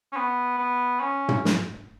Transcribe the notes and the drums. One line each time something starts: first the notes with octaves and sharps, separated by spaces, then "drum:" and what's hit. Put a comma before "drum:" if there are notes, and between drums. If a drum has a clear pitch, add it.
C#4
B3
B3
C#4
drum: tom
drum: snare